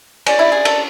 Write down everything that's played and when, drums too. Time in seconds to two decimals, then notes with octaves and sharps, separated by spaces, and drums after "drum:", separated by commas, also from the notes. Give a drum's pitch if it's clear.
0.26 C#4 D5, drum: cymbal
0.39 E4
0.52 G#4
0.65 A4, drum: cymbal